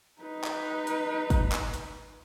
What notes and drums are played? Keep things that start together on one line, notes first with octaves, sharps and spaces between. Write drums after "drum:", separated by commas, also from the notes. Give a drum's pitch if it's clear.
D#4 B4
drum: clap
drum: hi-hat
drum: kick, hi-hat
drum: clap
drum: hi-hat